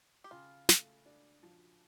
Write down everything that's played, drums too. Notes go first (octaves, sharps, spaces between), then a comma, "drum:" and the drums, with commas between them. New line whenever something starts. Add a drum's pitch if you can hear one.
G4
C#3 F4
A3, drum: snare
D4
F3